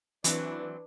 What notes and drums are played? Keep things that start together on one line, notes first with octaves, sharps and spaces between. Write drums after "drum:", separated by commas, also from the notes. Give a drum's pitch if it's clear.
E3 F#3 C4 D4 B4 D5, drum: hi-hat